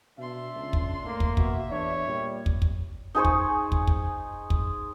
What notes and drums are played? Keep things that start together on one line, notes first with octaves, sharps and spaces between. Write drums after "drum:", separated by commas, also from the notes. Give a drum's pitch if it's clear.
B2 D4 E5 C6
C#2
drum: kick
A2 A#3
drum: kick
B2 F#4 E5, drum: kick
E2 D4 C#5
A#2 G3
drum: kick
drum: kick
D#4 G#4 C5 C#6
drum: kick
drum: kick
drum: kick
drum: kick